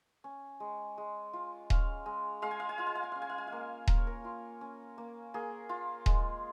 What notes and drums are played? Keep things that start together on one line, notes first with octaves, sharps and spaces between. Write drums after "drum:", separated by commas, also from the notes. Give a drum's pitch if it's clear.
C#4
G#3
G#3
F4
C#4 F5, drum: kick D#1
G#3
G#3 F5
G#5
F5
G#5
F4 F5
G#5
F5
G#5
C#4 F5
G#5
F5
G#5
F5
A#3
A#3 A#4, drum: kick D#1
C#5
A#4
F4
C#4
A#3
A#3 G#4
F4
G#3, drum: kick D#1